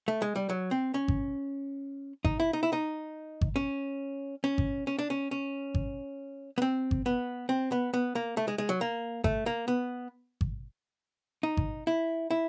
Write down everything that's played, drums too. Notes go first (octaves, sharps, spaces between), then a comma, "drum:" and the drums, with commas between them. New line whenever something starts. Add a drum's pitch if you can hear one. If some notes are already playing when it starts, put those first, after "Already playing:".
A3
G#3
G3
F#3
C4
C#4
drum: kick G#1
D#4, drum: kick G#1
E4
D#4
E4
D#4
drum: kick G#1
C#4
C#4
drum: kick G#1
C#4
D4
C#4
C#4
drum: kick G#1
B3
C4
drum: kick G#1
B3
C4
B3
B3
A#3
A3
G#3
G#3
F#3
A#3
A3, drum: kick G#1
A#3
B3
drum: kick G#1
D#4
drum: kick G#1
E4
E4